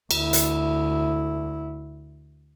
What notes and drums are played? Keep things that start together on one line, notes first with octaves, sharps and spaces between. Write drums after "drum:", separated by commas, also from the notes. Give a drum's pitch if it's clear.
D2 E4, drum: cymbal
drum: hi-hat